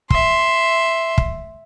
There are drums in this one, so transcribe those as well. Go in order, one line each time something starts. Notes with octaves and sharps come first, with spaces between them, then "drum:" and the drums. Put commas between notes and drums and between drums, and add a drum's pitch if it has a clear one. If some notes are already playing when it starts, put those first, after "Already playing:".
E5 C6, drum: kick
drum: kick